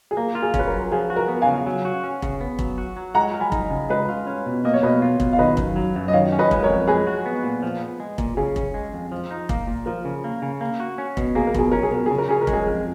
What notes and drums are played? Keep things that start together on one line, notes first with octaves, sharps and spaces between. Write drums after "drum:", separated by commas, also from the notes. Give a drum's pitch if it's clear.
G#4
A#3 A#4
F4
G#4
C#4, drum: kick
B4
A#4
F#3
F3 G#4
F#4
A#4
B3
F5 G#5
C#3
F#3
F#4
C#4
C#3, drum: kick
B3
F#3, drum: kick
F#4
F#3
G#3 F#5 A#5
A#4
G#5 B5
D#4, drum: kick
C#3
G#3 B4 D#5
F4
C#4
B2
A#3 D#5
C#5
B2 B4 D#5
F4
B2, drum: kick
F5
D#3 B4 D#5
F#2, drum: kick
F#3
F#2
D#5
D#3 C#5 F5
C#4
B4 D#5
G#3, drum: kick
A#4 C#5
F2
G#3 G#4 B4
F#4
B3
A#2
F3
B3
G#3
A#2, drum: kick
C#3 G#4
C#4, drum: kick
G#3
F2
F3
D#4
A#3, drum: kick
A#2
F3 A#4
C#3
A#3
C#3
A#3
F#4
C#4
B2, drum: kick
A#3 G#4
A#4
B2 G#4, drum: kick
C#4 A#4
G#4
B2 A#4
C#3 G#4
A#4
C#4 G#4
A#4
G#3, drum: kick
G#4
F2